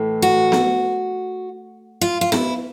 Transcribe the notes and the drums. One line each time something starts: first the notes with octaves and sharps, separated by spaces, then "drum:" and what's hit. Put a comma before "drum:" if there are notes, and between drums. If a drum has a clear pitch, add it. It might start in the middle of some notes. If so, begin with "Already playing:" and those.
Already playing: A2 E3
F#4
drum: snare B3
F4
F4
E4, drum: snare B3